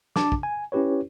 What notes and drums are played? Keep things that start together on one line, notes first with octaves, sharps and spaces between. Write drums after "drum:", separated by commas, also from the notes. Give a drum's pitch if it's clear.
D4 A5 D6, drum: snare
drum: kick
G#5
C#4 E4 G4 B4 C#5